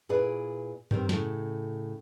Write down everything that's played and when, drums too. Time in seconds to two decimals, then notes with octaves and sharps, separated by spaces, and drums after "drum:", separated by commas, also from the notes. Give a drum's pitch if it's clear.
0.09 A#2 E4 G#4 B4 D5
0.91 D#3 G3 C4, drum: tom G2
1.09 A2 C#3, drum: snare